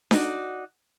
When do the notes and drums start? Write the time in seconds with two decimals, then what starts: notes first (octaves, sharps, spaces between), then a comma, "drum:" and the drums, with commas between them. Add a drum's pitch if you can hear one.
0.11 D#4 F#4 D5, drum: snare D4